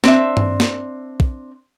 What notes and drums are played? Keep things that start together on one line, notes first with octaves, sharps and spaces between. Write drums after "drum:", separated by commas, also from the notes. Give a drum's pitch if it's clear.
C4 D4 E5, drum: snare
drum: tom G2
drum: snare
drum: kick